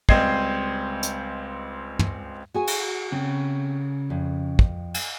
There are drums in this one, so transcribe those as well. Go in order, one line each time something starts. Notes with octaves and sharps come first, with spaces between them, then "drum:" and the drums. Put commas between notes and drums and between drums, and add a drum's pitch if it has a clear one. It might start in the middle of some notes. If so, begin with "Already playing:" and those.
C#2 G3 C4 D#5 G#6 C7, drum: kick
drum: hi-hat
drum: tom
F#4 G#4 G#5
drum: cymbal
C#3 C4
F2
drum: kick
drum: cymbal